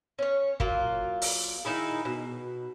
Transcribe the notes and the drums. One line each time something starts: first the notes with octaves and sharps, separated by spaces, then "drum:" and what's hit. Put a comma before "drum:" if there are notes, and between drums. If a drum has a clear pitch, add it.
C#4 C#5
F#3 A#3 F4, drum: kick G1
drum: open hi-hat
D#3 D#4 E4 G#4
B2